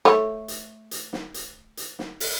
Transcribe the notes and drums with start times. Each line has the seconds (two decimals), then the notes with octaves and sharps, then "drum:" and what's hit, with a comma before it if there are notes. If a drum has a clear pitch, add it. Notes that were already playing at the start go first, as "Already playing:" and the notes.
0.05 A3 C#5, drum: snare
0.48 drum: hi-hat
0.91 drum: hi-hat
1.13 drum: snare
1.34 drum: hi-hat
1.77 drum: hi-hat
1.99 drum: snare
2.20 drum: open hi-hat